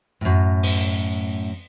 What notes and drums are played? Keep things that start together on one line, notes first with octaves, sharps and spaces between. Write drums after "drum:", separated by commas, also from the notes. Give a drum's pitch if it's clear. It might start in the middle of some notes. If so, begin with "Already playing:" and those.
F#2 A2
drum: open hi-hat